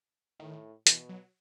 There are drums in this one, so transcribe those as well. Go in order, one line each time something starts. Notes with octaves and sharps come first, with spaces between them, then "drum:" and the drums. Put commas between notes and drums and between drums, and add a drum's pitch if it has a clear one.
A2 D#3
B2 E3, drum: hi-hat
F#3